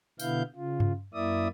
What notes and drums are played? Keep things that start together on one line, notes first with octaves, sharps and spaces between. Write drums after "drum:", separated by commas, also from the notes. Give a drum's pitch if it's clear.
B2 D3 B3 E4 F5 G6, drum: tambourine
C#3 F4
drum: tom G2
F#2 A#3 E4 D5 E5 D#6